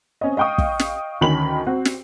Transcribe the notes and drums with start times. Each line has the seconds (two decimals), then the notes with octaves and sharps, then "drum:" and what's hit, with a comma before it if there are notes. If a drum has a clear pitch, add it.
0.21 C4 C#4 D#5
0.37 D#5 F5 G5 C#6 D#6
0.58 drum: kick
0.79 drum: snare
1.21 D2 D#3 C#4 B5 F#7
1.66 C4 F#4
1.85 drum: snare